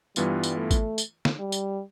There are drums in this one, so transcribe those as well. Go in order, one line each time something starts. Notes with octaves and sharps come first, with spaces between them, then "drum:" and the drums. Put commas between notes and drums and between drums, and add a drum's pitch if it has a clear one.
G2 E3 G3 B3 F4, drum: tambourine
drum: tambourine
A3
drum: kick G#1, tambourine
drum: tambourine
drum: snare
G3
drum: tambourine